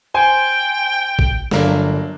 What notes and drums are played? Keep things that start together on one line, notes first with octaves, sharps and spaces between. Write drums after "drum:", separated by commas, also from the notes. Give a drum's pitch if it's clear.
C5 G5 G#5
drum: kick
G1 F#3 A#3 D4, drum: snare